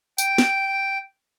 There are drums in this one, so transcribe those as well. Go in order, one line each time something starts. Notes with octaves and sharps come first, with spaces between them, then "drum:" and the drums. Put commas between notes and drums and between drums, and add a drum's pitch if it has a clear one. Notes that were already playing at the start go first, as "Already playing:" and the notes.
G5, drum: tambourine
drum: snare